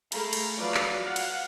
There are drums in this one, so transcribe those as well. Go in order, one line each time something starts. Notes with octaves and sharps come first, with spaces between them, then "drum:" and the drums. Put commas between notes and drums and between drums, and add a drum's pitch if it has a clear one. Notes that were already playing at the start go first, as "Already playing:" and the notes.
A3 G#4 A#4 F5 A#5 B5, drum: cymbal
drum: cymbal
F3 F#3 B4 D5 F5
drum: clap
F5 F#5
drum: cymbal